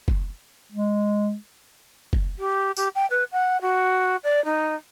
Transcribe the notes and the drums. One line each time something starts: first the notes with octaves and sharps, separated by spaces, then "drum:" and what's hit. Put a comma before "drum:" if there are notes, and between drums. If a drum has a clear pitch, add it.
drum: kick
G#3
drum: kick
G4
G4, drum: tambourine
G5
B4
F#5
F#4
D5
D#4